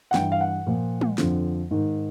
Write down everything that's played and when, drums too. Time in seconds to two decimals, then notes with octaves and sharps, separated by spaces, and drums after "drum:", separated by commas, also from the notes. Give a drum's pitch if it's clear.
0.11 F#5
0.14 G2 E3 G5, drum: snare
0.32 F5
0.41 F#5
0.67 A#2 F3
1.01 drum: tom
1.18 F2 D3 F3, drum: snare
1.71 G#2 D#3